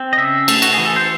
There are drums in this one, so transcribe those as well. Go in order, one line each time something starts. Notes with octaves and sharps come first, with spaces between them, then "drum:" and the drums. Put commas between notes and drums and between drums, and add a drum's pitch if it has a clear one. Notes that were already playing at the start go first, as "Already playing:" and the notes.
Already playing: C4
D#5
C#3 E5
A3, drum: cymbal
F#4, drum: cymbal
E3 G#4
A4
C5